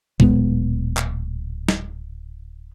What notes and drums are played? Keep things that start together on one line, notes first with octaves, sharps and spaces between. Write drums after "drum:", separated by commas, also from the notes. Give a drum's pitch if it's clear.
D1 A#2 G#3 B3, drum: kick
drum: clap
drum: snare